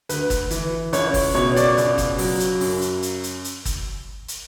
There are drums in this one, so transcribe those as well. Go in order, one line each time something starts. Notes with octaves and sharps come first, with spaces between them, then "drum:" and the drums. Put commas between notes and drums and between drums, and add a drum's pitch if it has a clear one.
D2 B4, drum: hi-hat
drum: kick, hi-hat
E3, drum: hi-hat
C#2 C#5, drum: hi-hat
drum: kick, open hi-hat
B2 C#5
D5, drum: hi-hat
C#2, drum: hi-hat
drum: kick, hi-hat
F#3, drum: open hi-hat
drum: hi-hat
F#2, drum: open hi-hat
drum: hi-hat
drum: hi-hat
drum: hi-hat
drum: hi-hat
drum: kick, hi-hat
drum: hi-hat